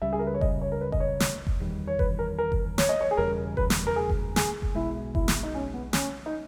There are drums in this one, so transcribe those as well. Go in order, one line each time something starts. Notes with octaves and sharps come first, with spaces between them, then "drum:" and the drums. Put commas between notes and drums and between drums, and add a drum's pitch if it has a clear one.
C#2 C#3 G3 E5
G#4
A#4
B4
C#5
D#5, drum: kick F#1
C#5
A#4
B4
D#5, drum: kick F#1
C#5
drum: snare
drum: kick F#1
E2 D#3 G3
C#5
B4, drum: kick F#1
A#4
A#4
drum: kick F#1
C#5, drum: snare
D#5
C#5
G#4
E1 E2 C#3 G3 A#4
B4, drum: kick F#1
drum: snare
A#4
G#4
drum: kick F#1
G#4, drum: snare
drum: kick F#1
B1 B2 G#3 E4
E4, drum: kick F#1
drum: snare
D#4
C#4
B3
C#4, drum: snare
D#4